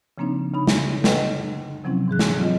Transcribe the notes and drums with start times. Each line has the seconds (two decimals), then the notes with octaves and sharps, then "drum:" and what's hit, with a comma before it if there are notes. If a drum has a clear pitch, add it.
0.18 C#3 F3 A#3 C4 D4 D#4
0.54 C#3 D#4 B5
0.67 drum: snare
1.04 A4 B4 D#5 F#5 G5, drum: snare
1.84 C3 F3 F#3 C4 C#4 E4
2.08 G#2 E3 G#4 F#6
2.19 drum: snare
2.38 F#3 C4 F4 D#5